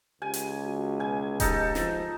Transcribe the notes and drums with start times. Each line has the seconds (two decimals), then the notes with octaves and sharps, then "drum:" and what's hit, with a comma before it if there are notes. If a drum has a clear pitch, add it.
0.22 C#2 G4 G#5
0.34 drum: hi-hat
0.65 F#4
1.00 B2 G#5
1.40 D#4 G4 A4, drum: kick D#1, hi-hat
1.75 F3, drum: snare